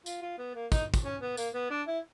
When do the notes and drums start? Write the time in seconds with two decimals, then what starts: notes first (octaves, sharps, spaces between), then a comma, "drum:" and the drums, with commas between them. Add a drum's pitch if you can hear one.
0.06 F4, drum: tambourine
0.22 F4
0.38 B3
0.55 A#3
0.72 D#4, drum: kick, tambourine
0.94 drum: kick, tambourine
1.05 C#4
1.21 B3
1.37 A#3, drum: tambourine
1.54 B3
1.70 D4
1.87 E4